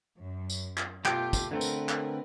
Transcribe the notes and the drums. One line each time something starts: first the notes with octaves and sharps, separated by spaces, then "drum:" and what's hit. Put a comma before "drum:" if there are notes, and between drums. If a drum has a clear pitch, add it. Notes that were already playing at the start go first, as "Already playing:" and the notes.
F#2
drum: tambourine
drum: clap
B2 A3 F4 G4 G5, drum: clap
drum: kick, tambourine
D3 A3 C4 A#4 B4
drum: tambourine
drum: clap